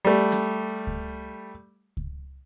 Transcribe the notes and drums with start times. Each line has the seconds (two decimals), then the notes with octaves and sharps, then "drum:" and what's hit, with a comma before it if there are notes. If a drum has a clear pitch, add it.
0.05 G3 A3
0.32 drum: snare
0.87 drum: kick C#2
1.97 drum: kick C#2